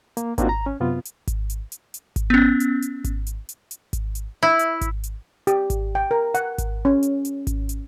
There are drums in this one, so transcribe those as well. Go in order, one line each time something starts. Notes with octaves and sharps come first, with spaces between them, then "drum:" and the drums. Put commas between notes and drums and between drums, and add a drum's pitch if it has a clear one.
A#3, drum: hi-hat
A#3 C4 D4 D#4 F4 F#4, drum: kick G#1, hi-hat
A#5
C#4
F#2 C3 B3 F4
drum: hi-hat
drum: kick G#1, hi-hat
drum: hi-hat
drum: hi-hat
drum: hi-hat
drum: kick G#1, hi-hat
B3 C#4
drum: hi-hat
drum: hi-hat
drum: kick G#1, hi-hat
drum: hi-hat
drum: hi-hat
drum: hi-hat
drum: kick G#1, hi-hat
drum: hi-hat
E4
drum: hi-hat
drum: kick G#1, hi-hat
drum: hi-hat
G4, drum: hi-hat
drum: kick G#1, hi-hat
G5
A#4
F#5, drum: hi-hat
drum: kick G#1, hi-hat
C#4
drum: hi-hat
drum: hi-hat
drum: kick G#1, hi-hat
drum: hi-hat